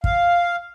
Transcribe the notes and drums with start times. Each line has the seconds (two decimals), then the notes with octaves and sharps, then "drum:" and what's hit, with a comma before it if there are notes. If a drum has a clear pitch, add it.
0.04 F5, drum: kick